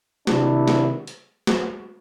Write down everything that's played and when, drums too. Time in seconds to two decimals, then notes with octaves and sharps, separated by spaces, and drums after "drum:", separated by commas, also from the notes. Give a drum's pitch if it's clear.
0.27 C3 D#3 D4 E4, drum: snare
0.68 drum: snare
1.07 drum: hi-hat
1.47 drum: snare